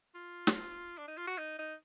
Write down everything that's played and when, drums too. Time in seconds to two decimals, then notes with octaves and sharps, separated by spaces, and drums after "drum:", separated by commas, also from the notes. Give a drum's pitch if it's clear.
0.15 F4
0.47 drum: snare
0.98 D4
1.08 D#4
1.17 F4
1.27 F#4
1.38 D#4
1.59 D#4